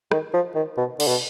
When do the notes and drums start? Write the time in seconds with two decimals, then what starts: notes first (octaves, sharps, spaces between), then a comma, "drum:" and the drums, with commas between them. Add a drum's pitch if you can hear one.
0.11 D#3, drum: rim click
0.34 F3
0.56 D#3
0.77 B2
1.00 D3, drum: cymbal
1.07 B2